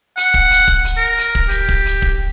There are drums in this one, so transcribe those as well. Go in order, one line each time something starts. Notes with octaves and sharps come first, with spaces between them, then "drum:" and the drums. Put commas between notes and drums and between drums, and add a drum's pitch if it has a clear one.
F#5, drum: hi-hat
drum: kick
drum: hi-hat
drum: kick
drum: hi-hat
A#4
drum: hi-hat
drum: kick
G4, drum: hi-hat
drum: kick
drum: hi-hat
drum: kick